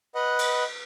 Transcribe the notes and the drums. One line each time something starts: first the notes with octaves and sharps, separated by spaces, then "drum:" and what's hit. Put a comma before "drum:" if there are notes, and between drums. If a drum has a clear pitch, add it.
B4 D#5 F#5
drum: cymbal